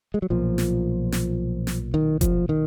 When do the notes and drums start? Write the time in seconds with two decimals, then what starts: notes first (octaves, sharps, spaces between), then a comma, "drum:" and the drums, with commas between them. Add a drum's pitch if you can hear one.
0.14 G#3
0.22 F#3
0.30 B1 A#2 F3
0.58 drum: snare
1.12 drum: snare
1.67 drum: snare
1.94 D#3
2.21 F3, drum: kick F#1, hi-hat
2.49 D#3